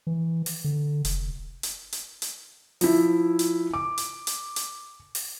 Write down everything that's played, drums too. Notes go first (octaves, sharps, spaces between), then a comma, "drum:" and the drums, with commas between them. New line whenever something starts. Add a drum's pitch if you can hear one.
E3
drum: open hi-hat
D3
F1, drum: hi-hat
drum: hi-hat
drum: hi-hat
drum: hi-hat
F3 E4, drum: open hi-hat
drum: hi-hat
D6
drum: hi-hat
drum: hi-hat
drum: hi-hat
drum: open hi-hat